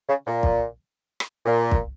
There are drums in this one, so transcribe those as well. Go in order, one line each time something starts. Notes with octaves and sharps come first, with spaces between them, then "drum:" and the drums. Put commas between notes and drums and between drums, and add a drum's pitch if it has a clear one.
C#3
A#2
drum: kick
drum: rim click
A#2
drum: kick